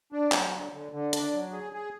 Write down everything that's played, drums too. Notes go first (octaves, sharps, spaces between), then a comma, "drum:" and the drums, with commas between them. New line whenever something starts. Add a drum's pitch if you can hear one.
D4
F#3, drum: clap
D3
D3
D3
D4, drum: hi-hat
F#3
G#4
G#4